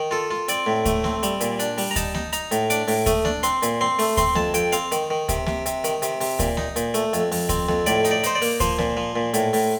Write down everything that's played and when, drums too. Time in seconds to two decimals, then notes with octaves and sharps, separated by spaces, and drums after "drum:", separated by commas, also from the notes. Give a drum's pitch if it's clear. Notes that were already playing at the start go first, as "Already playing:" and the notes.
Already playing: D#3
0.11 F4 A4
0.31 F4
0.48 C4 D5, drum: hi-hat
0.66 A2
0.85 A3, drum: kick D2, hi-hat
1.04 C4, drum: snare A#3
1.23 G3, drum: hi-hat
1.41 A#2, drum: hi-hat
1.59 D4, drum: hi-hat
1.78 G3, drum: open hi-hat
1.91 A#5
1.96 D#4 A5, drum: kick D2, hi-hat
2.15 D#4, drum: snare A#3
2.33 D#4 A#5, drum: hi-hat
2.51 A2, drum: hi-hat
2.70 D4 D6, drum: hi-hat
2.88 A2, drum: open hi-hat
3.06 A3 D#6, drum: kick D2, hi-hat
3.25 D4, drum: snare A#3
3.43 C4 C6, drum: hi-hat
3.62 A#2, drum: hi-hat
3.81 C4 C6
3.99 A3, drum: open hi-hat
4.17 C4 C6, drum: kick D2, hi-hat
4.35 F2 A5, drum: snare A#3
4.54 F2 G5, drum: hi-hat
4.72 C4 F5, drum: hi-hat
4.92 D#3, drum: hi-hat
5.10 D#3
5.29 C3, drum: kick D2, hi-hat
5.47 C3, drum: snare A#3
5.66 C3, drum: hi-hat
5.84 D#3, drum: hi-hat
6.02 C3, drum: hi-hat
6.21 C3, drum: open hi-hat
6.39 A#2, drum: kick D2, hi-hat
6.57 D#4, drum: snare A#3
6.76 A#2, drum: hi-hat
6.94 A3, drum: hi-hat
7.13 F2, drum: hi-hat
7.32 F2, drum: open hi-hat
7.49 C4, drum: kick D2, hi-hat
7.69 F2, drum: snare A#3
7.86 A2 D5, drum: hi-hat
8.05 D#4, drum: hi-hat
8.11 D5
8.23 D#4 C5, drum: hi-hat
8.35 D5
8.42 A#3, drum: open hi-hat
8.60 F3 C5, drum: kick D2, hi-hat
8.79 A#2, drum: snare A#3
8.97 F3
9.16 A#2
9.34 A2, drum: hi-hat
9.53 A2, drum: open hi-hat